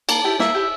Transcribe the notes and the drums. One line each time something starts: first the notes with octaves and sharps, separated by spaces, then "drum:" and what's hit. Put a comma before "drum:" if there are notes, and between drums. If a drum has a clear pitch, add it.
A#3 A5, drum: cymbal
E4 G4
A#3 E5, drum: snare
E4 G4